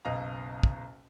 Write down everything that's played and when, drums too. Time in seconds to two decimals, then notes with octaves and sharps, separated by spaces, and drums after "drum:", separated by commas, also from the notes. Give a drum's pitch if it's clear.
0.05 F#1 B1 B2 D#5 F5 A#5
0.63 drum: kick